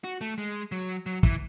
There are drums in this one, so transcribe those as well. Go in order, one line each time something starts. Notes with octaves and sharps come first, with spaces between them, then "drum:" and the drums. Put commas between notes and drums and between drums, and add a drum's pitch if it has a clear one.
F#4
A3
G#3
F#3
F#3
E3, drum: kick